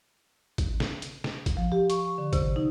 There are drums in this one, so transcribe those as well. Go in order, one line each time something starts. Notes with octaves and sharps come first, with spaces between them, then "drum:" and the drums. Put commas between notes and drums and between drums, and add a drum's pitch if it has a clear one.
drum: kick, hi-hat
drum: snare
drum: hi-hat
drum: snare
drum: kick, hi-hat
F3
G4
C#6, drum: hi-hat
D3
C3, drum: kick, hi-hat
D#4